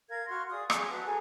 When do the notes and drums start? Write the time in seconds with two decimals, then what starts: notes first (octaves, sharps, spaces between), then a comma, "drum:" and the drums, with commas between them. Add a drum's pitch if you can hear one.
0.09 A#4 F5 G#6
0.29 F#4 C6 C#6 F6
0.51 G#4 D5 F5 D#6
0.70 G#4, drum: rim click
0.90 F#4 B4 A5
1.06 G#4 A4 G#5 A#5